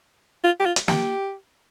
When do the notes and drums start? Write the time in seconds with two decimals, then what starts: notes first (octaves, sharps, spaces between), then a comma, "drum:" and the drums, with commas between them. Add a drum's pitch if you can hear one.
0.44 F4
0.60 G4
0.66 F4
0.76 drum: hi-hat
0.88 G4, drum: snare